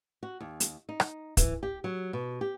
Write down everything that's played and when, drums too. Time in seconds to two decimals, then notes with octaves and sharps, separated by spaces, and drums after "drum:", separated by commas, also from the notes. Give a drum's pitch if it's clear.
0.23 F#4
0.41 D#2
0.60 drum: hi-hat
0.89 D#4
1.00 drum: rim click
1.37 E3, drum: kick, hi-hat
1.63 G4
1.84 F#3
2.13 B2
2.41 G4